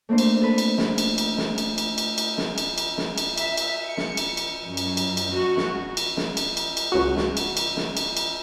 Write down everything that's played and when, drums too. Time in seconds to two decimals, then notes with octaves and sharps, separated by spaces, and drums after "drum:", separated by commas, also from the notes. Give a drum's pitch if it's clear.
0.09 A3 A#3 C4 D4 C5
0.18 drum: cymbal
0.42 A4 B4
0.58 drum: cymbal
0.78 drum: snare
0.98 drum: cymbal
1.18 drum: cymbal
1.38 drum: snare
1.58 drum: cymbal
1.78 drum: cymbal
1.98 drum: cymbal
2.18 drum: cymbal
2.38 drum: snare
2.58 drum: cymbal
2.78 drum: cymbal
2.98 drum: snare
3.18 drum: cymbal
3.38 E5, drum: cymbal
3.57 drum: cymbal
3.84 C#7
3.97 drum: snare
4.17 drum: cymbal
4.37 drum: cymbal
4.64 F#2
4.77 drum: cymbal
4.97 drum: cymbal
5.17 drum: cymbal
5.32 F#4
5.57 drum: snare
5.97 drum: cymbal
6.17 drum: snare
6.37 drum: cymbal
6.57 drum: cymbal
6.77 drum: cymbal
6.92 C#2 F#4
7.17 drum: snare
7.37 drum: cymbal
7.57 drum: cymbal
7.77 drum: snare
7.97 drum: cymbal
8.17 drum: cymbal